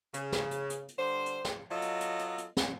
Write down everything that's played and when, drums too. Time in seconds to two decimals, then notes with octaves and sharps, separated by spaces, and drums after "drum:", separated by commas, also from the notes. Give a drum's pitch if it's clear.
0.14 C#3, drum: hi-hat
0.32 drum: snare
0.51 drum: hi-hat
0.70 drum: hi-hat
0.88 drum: hi-hat
0.99 D3 G3 C5
1.26 drum: hi-hat
1.45 drum: snare
1.71 F#3 F4 A4 D#5
1.82 drum: hi-hat
2.01 drum: hi-hat
2.19 drum: hi-hat
2.38 drum: hi-hat
2.57 drum: snare